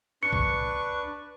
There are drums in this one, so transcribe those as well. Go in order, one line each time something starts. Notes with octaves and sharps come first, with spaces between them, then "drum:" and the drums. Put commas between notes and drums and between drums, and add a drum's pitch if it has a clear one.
D4 B4 C#6 C#7
drum: kick C2